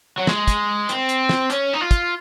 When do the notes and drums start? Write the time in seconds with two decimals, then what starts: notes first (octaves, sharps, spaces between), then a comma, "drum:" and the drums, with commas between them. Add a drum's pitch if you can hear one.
0.18 F#3
0.27 G#3, drum: snare
0.48 drum: kick, hi-hat
0.89 C4, drum: hi-hat
1.09 drum: hi-hat
1.29 drum: snare
1.50 C#4, drum: hi-hat
1.74 D#4
1.81 F4
1.91 drum: kick, hi-hat